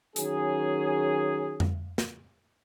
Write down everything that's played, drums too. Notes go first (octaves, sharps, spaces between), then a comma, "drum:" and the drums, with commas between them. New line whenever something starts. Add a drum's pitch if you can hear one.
D#3 F#3 C#4 G#4, drum: hi-hat
drum: tom F2
drum: snare